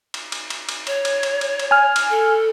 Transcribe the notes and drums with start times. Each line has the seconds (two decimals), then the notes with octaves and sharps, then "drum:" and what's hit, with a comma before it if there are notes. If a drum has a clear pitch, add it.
0.14 drum: cymbal
0.32 drum: cymbal
0.50 drum: cymbal
0.69 drum: cymbal
0.87 C#5, drum: cymbal
1.05 drum: cymbal
1.23 drum: cymbal
1.41 drum: cymbal
1.59 drum: cymbal
1.71 G#5 F6
1.96 drum: cymbal
2.10 A4